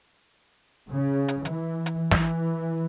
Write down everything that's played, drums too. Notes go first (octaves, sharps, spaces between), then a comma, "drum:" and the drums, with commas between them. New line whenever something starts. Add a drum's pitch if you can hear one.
C#3
drum: hi-hat
E3, drum: hi-hat
drum: hi-hat
E3, drum: snare